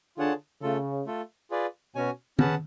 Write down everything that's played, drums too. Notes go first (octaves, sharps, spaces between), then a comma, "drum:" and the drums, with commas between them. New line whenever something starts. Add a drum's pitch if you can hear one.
D3 F4 G#4 C#5 F#5 A5
C#3 A3 F4 A4
A3 F4 A4
F4 G#4 B4 D5
B2 C#4 F#4 C#5 G#5
C#4 G#4 B4 F#5 A5, drum: tom